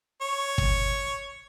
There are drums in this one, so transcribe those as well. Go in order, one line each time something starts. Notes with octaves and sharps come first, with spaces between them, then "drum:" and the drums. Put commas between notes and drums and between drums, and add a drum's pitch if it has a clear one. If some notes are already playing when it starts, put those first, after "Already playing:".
C#5
drum: kick